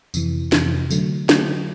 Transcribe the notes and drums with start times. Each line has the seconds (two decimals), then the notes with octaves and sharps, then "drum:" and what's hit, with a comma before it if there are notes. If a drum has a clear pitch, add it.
0.14 F2 C3 E3, drum: tambourine
0.52 F2 C3 E3, drum: snare
0.91 D3 F#3 A3, drum: tambourine
1.29 D3 F#3 A3, drum: snare